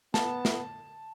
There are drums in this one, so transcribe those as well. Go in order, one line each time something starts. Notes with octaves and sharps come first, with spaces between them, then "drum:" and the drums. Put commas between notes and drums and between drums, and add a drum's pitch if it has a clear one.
B3 A5, drum: snare
drum: snare